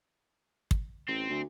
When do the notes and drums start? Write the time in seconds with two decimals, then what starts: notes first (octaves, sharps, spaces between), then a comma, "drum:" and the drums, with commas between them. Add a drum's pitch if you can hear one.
0.71 drum: kick
1.08 A1 C4
1.30 D2